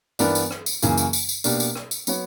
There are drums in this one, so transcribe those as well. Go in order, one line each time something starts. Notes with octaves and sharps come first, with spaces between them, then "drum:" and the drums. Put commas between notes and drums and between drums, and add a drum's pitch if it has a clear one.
G2 E3 B3 D4 A#4, drum: tambourine
drum: tambourine
drum: rim click
drum: tambourine
F#2 C#3 E3 A#3, drum: tambourine
drum: tambourine
drum: tambourine
drum: tambourine
B2 A#3 D4 G4 A#4, drum: tambourine
drum: tambourine
drum: rim click
drum: tambourine
F#3 B3 F#4 C#5, drum: tambourine